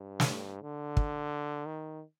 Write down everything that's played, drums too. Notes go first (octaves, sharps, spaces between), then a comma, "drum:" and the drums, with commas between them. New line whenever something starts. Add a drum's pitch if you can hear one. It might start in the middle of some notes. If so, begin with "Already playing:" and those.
Already playing: G2
drum: snare
D3
drum: kick
D#3